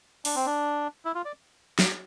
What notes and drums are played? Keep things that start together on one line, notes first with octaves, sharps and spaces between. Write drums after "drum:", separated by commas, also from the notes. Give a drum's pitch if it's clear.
D4, drum: open hi-hat
C4
D4
E4
F4
D5
drum: snare